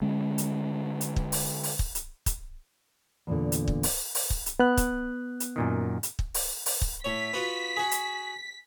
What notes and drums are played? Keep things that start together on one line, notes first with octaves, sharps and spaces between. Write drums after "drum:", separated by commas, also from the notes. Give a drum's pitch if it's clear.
D3 G#3 C#4
drum: hi-hat
drum: hi-hat
drum: kick
drum: open hi-hat
drum: open hi-hat
drum: kick
drum: hi-hat
drum: kick, hi-hat
E2 A#2 D3
drum: hi-hat
drum: kick
drum: open hi-hat
drum: open hi-hat
drum: kick
drum: hi-hat
B3 F#6
drum: kick, hi-hat
drum: hi-hat
F#2 A#2 D#3
drum: hi-hat
drum: kick
drum: open hi-hat
drum: open hi-hat
drum: kick
A2 C#5 B6
B3 F4 F#4
F#4 G#4
drum: hi-hat